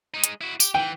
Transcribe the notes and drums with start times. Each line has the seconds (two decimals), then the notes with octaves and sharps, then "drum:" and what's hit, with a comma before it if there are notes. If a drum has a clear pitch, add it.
0.14 G#3 D#4
0.24 drum: hi-hat
0.41 E4 F#4
0.60 G4, drum: tambourine
0.74 E3 G5